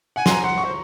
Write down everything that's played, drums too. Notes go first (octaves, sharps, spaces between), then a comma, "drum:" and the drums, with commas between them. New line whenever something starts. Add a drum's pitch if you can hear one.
F#5 G#5
C6, drum: snare
A#5
F#5 C6
C#6
C5